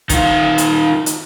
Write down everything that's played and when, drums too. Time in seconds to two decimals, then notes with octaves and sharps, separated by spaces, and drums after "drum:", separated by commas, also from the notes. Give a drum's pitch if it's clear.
0.09 D#3 F4, drum: kick, hi-hat
0.58 drum: hi-hat
1.06 drum: hi-hat